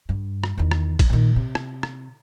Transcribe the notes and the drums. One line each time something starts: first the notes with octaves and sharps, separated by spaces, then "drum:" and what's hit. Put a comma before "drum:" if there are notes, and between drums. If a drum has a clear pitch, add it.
G2
drum: rim click
E2 D#3
drum: rim click
drum: kick, cymbal
A#2 D#3
C3
drum: rim click
drum: rim click